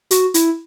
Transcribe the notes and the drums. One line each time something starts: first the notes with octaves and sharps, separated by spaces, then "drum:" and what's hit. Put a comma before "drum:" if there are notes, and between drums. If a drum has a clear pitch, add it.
F#4, drum: hi-hat
E4, drum: hi-hat